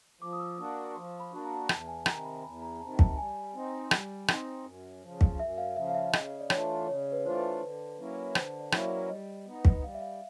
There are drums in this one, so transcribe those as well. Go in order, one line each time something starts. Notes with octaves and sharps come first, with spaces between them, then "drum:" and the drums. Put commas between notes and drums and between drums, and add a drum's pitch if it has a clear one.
F3 D6
D#6
E6
A#3 D4 F#4 D#6
C#6
F3 C6
B5
A#3 D4 F#4 A5
A#5
E2 A5, drum: rim click
G#5
C3 D#3 A#5, drum: rim click
B5
E2 B5
A#5
C3 D#3 A5
A5, drum: kick
G3 G#5
C4 D#4
G3, drum: rim click
C4 D#4, drum: rim click
F#2
C#3 F3
drum: kick
F#2 E5
F5
C#3 F3 E5
F5
E5
C#3 D#5, drum: rim click
D5
E3 A3 D4 F4 C#5, drum: rim click
C#3 C#5
B4
E3 A3 D4 F4 C5
B4
D3
F#3 A#3 C#4 E4
D3 C5, drum: rim click
D5
F#3 A#3 C#4 E4, drum: rim click
D5
G3 D#5
B3 D#4
drum: kick
G3 F5
E5
F5